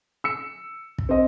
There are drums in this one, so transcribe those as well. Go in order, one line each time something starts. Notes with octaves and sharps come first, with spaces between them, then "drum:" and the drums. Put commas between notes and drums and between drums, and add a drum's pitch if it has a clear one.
E6 C#7
drum: kick
C4 D#5